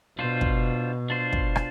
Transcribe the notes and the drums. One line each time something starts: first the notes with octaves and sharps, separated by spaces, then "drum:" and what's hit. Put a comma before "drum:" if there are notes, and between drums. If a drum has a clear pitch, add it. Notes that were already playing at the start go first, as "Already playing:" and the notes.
B2 D4 F4 C5
drum: kick
D4 F4 C5
drum: kick
drum: rim click